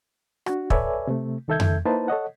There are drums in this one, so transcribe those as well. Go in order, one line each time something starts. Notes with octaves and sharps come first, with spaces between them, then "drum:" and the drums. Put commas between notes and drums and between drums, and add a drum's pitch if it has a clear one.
D4 F#4, drum: rim click
A4 B4 C#5 D5 E5 G#5, drum: kick
C3 A3
C2 D#3 A4 E5 G6 G#6
drum: tom F2
A#3 D#4 E4 B4 C5 A5
A4 C#5 D#5 F#5